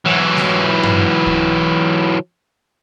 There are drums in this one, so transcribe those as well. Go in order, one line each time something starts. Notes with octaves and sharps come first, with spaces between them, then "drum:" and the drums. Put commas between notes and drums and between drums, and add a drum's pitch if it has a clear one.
E3 F#3
drum: snare A3
drum: tom G2
drum: kick C2